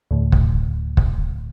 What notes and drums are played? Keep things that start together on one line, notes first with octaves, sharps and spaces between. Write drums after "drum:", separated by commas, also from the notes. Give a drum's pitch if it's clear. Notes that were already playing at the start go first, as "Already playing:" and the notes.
D2 A2
drum: kick
drum: kick